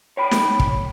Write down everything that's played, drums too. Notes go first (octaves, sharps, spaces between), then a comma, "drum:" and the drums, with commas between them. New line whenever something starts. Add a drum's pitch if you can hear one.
C#5 G5 B5
drum: snare
drum: kick